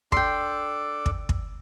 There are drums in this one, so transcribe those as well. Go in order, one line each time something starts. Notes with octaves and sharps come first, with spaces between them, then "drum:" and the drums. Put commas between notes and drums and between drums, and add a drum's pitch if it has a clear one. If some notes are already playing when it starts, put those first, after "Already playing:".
D4 A4 G5 C6 D6, drum: kick
drum: kick
drum: kick